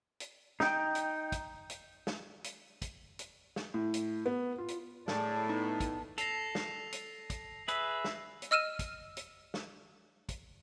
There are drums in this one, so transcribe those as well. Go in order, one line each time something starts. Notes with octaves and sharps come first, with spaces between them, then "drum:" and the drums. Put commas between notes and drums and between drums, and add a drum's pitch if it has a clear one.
drum: hi-hat
D#4 G5, drum: snare
drum: hi-hat
drum: kick, hi-hat
drum: hi-hat
drum: snare
drum: hi-hat
drum: kick, hi-hat
drum: hi-hat
drum: snare
A2
drum: hi-hat
B3
F4
drum: hi-hat
A2 G#4 D5 A5, drum: snare
B3 D#4
drum: kick, hi-hat
A4 A#6 C7 F7, drum: hi-hat
drum: snare
drum: hi-hat
drum: kick, hi-hat
G#4 B4 E5, drum: hi-hat
drum: snare
drum: hi-hat
D#5 E6 F6 D#7 E7
drum: kick, hi-hat
drum: hi-hat
drum: snare
drum: kick, hi-hat